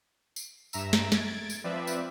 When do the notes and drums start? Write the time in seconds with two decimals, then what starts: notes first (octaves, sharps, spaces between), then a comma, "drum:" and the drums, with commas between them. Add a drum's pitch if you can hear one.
0.36 drum: tambourine
0.73 G2 E5 A#5 E6, drum: tambourine
0.93 drum: snare
1.12 G#6 A6 D7, drum: snare
1.50 drum: tambourine
1.64 F3 C4 B4 D5 E5
1.87 drum: tambourine